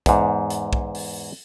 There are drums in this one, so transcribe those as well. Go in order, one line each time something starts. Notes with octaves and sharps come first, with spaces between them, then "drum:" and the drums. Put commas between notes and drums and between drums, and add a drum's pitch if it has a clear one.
E2 G#2, drum: kick, hi-hat
drum: hi-hat
drum: kick
drum: open hi-hat